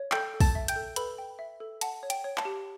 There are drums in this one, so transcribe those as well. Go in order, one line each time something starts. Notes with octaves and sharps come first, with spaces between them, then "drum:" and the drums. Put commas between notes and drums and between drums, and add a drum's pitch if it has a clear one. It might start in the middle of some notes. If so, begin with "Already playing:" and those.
Already playing: C#5
A4 G5 G6, drum: clap
A4
A5 A6, drum: kick, open hi-hat
E5
G5 G6, drum: hi-hat
A4
A4 B4 B5, drum: hi-hat
G5
E5
A4
F#5 A5, drum: hi-hat
C#5
G5, drum: hi-hat
C#5
A5, drum: clap
G4